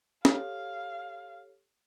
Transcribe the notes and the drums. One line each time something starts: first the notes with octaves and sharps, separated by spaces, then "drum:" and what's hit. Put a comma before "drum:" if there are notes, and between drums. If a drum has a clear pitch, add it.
G4 A4 C#5 F5, drum: snare